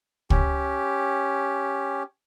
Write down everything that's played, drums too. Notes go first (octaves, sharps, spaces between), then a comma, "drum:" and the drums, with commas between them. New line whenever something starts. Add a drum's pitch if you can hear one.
C#4 G4, drum: kick